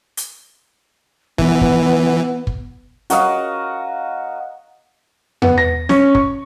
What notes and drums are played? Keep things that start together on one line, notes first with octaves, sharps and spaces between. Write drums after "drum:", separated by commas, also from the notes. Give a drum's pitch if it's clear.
drum: hi-hat
E3 B3, drum: kick
drum: kick
drum: kick
F#4 A#4 D#5 F5, drum: hi-hat
B3, drum: tom E2
A#6
C#4, drum: snare
C#6, drum: kick